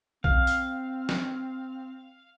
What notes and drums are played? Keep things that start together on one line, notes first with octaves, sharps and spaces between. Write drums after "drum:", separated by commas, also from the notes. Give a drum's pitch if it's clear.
C4 F5, drum: kick A#1
drum: hi-hat
drum: snare